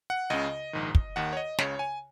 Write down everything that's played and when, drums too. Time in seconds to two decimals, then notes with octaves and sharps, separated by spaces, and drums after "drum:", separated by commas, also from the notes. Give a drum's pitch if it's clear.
0.10 F#5
0.30 C#2 C#3 D#5
0.73 A#1 G#2 D#3
0.95 drum: kick
1.16 D#2 D#3 F#5
1.33 C#5
1.37 D#5
1.58 C#2 C#3 C#5, drum: snare
1.79 G#5